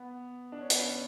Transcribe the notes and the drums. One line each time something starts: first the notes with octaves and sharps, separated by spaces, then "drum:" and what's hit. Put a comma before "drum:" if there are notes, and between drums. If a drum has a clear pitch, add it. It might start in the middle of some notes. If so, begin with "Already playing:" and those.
Already playing: B3
D4
C#4
B3, drum: hi-hat
C#4